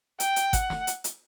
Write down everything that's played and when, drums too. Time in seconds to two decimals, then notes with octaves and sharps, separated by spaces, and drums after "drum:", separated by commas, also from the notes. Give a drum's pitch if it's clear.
0.20 G5, drum: hi-hat
0.36 drum: hi-hat
0.53 F#5, drum: kick, hi-hat
0.70 drum: snare
0.87 drum: hi-hat
1.04 drum: hi-hat